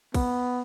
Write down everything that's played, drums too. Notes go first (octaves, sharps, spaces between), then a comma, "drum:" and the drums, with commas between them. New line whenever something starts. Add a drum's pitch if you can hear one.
B3, drum: kick, cymbal